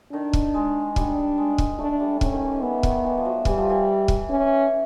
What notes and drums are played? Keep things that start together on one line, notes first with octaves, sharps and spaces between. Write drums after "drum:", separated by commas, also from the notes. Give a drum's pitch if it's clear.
D#3 D4
drum: kick
G#3
G3 D4, drum: kick
G#3
drum: kick
A3 D4
G3
C#4, drum: kick
D#3
E3
D#3
E3 B3
D#3, drum: kick
E3
F3
F#3
E3 G3, drum: kick
F3
E3
drum: kick
E3 C#4